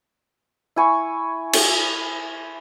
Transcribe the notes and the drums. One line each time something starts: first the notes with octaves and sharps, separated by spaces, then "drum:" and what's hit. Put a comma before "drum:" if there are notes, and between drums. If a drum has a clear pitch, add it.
E4 G#5 C#6
drum: cymbal